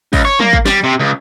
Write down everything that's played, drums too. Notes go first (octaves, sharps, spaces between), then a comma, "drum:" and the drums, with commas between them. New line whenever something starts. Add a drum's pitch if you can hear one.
C#2, drum: kick, open hi-hat
C#5
A#3, drum: tom
drum: kick
G3, drum: snare
C3
C#2